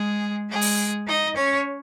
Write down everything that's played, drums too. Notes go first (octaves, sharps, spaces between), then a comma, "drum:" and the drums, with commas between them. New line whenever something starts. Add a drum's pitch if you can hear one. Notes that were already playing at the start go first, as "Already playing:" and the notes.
Already playing: G#3 G#4
G#3 G#4
drum: open hi-hat
D#4 D#5
C#4 C#5